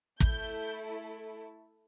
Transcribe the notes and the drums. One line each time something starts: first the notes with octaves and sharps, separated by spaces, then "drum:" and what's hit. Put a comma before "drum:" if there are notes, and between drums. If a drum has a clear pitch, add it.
A3 E4 A4 G6, drum: kick